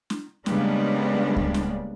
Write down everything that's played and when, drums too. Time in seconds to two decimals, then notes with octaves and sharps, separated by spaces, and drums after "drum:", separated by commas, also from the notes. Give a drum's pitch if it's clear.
0.10 drum: snare
0.46 C#3 G3 G#3 A#3 B3 D4, drum: snare
1.36 drum: kick C#2
1.54 drum: snare